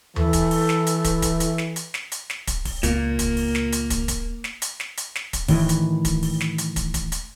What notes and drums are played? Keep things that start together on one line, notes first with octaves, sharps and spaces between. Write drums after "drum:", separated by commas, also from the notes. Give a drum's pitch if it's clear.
E3 A4, drum: tom D#2
drum: kick, hi-hat
drum: open hi-hat
drum: snare
drum: hi-hat
drum: kick, hi-hat
drum: kick, hi-hat
drum: hi-hat
drum: snare
drum: hi-hat
drum: snare
drum: hi-hat
drum: snare
drum: kick, hi-hat
drum: kick, open hi-hat
C#2 A#2 A#3, drum: hi-hat
drum: kick, hi-hat
drum: open hi-hat
drum: snare
drum: hi-hat
drum: kick, hi-hat
drum: kick, hi-hat
drum: snare
drum: hi-hat
drum: snare
drum: hi-hat
drum: snare
drum: kick, hi-hat
A2 D#3 E3, drum: kick, open hi-hat
drum: hi-hat
drum: kick, hi-hat
drum: open hi-hat
drum: snare
drum: hi-hat
drum: kick, hi-hat
drum: kick, hi-hat
drum: hi-hat